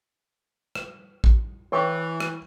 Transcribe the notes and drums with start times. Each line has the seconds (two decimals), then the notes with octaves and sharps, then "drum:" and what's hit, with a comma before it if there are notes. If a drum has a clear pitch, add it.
0.75 drum: rim click
1.24 drum: kick
1.72 E3 C#5 G5 C#6
2.20 drum: rim click